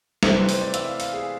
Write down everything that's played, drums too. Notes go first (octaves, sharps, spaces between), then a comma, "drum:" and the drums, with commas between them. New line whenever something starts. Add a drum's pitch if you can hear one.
C3 E3 A3 C4 C5, drum: snare
B4
C5, drum: open hi-hat
D5
E5, drum: hi-hat
F5
F5, drum: open hi-hat
G#4